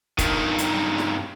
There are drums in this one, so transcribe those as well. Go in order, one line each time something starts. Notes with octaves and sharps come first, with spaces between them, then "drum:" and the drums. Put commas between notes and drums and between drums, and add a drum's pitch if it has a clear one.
G2 D#3, drum: kick, hi-hat
drum: hi-hat
drum: snare